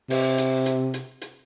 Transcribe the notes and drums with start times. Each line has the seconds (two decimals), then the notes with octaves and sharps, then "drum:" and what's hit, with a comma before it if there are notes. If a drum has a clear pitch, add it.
0.10 C3, drum: open hi-hat
0.38 drum: hi-hat
0.66 drum: hi-hat
0.94 drum: hi-hat
1.21 drum: hi-hat